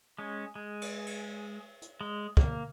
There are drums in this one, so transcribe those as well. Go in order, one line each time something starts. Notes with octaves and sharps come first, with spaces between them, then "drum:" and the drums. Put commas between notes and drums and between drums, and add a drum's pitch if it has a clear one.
G#3 C#4
G#3
drum: cymbal
drum: cymbal
drum: hi-hat
G#3
A#3, drum: kick